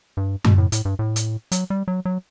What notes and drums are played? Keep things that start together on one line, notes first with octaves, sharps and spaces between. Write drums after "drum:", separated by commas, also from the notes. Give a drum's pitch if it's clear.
G2
B2, drum: tom F#2
A2
A2, drum: hi-hat
G2
A2
drum: hi-hat
F#3, drum: hi-hat
G3
F#3
F#3